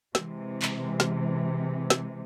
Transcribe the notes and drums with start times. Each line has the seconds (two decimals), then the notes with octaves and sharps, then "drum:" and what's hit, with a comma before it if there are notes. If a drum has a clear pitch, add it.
0.15 C3 E3 G#3, drum: snare
0.62 drum: clap
1.00 drum: snare
1.90 drum: snare